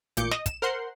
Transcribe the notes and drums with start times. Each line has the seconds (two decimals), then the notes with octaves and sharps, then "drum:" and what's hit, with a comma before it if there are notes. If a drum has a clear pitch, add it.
0.17 A1 A#2 D6 G6 C#7, drum: hi-hat
0.31 D#5, drum: snare
0.46 E7, drum: kick, hi-hat
0.62 A#4 C5 F#5 C6